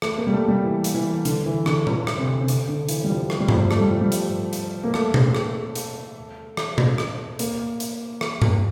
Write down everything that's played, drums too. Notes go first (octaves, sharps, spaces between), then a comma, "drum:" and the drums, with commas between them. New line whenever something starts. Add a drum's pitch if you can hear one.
A3, drum: rim click
A#3
G3
A3
G3
E3
drum: hi-hat
E3
D3, drum: hi-hat
E3
D3, drum: rim click
D3, drum: tom A#2
drum: rim click
C3
C3
D3, drum: hi-hat
D3
E3, drum: hi-hat
G3
F3
drum: rim click
G3
F3, drum: tom G2
G3
A3, drum: rim click
G3
F3
G3
drum: hi-hat
drum: hi-hat
A#3
A3, drum: rim click
drum: tom B2
drum: rim click
drum: hi-hat
drum: rim click
drum: tom B2
drum: rim click
A#3, drum: hi-hat
drum: hi-hat
drum: rim click
drum: tom G2